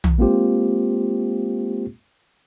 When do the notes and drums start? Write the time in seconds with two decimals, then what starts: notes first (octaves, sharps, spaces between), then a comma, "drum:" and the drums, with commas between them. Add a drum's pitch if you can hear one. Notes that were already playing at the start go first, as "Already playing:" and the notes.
0.04 drum: tom
0.18 G#3 A#3 C4 F4 G4 C5